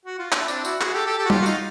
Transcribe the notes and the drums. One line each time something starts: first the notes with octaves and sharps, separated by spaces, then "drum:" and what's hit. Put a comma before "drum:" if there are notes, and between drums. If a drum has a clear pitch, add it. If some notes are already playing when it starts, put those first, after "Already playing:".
F#4
F4
D4 E4, drum: clap
C4 D4, drum: tambourine
E4 F#4, drum: tambourine
F#4 G#4, drum: clap
G4 A4
G4 A4
G4 A4
F#4
F4 G4, drum: tom G3
F#4
D#4 F4, drum: tambourine